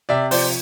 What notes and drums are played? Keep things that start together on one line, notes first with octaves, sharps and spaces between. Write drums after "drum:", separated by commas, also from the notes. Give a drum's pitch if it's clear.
C3 D5 E5
F3 C5 D5, drum: open hi-hat